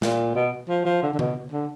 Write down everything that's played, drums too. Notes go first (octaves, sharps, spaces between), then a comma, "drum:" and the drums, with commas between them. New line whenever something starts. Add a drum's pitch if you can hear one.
A#2, drum: snare
B2
F3
F3
D3
D3
B2, drum: tom C#3
D3